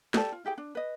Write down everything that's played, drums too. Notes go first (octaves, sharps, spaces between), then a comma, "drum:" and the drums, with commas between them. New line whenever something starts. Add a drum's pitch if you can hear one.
G4 A4 D5 A5, drum: snare
F4
E4 G4 G#4 G5
D4
B4 D#5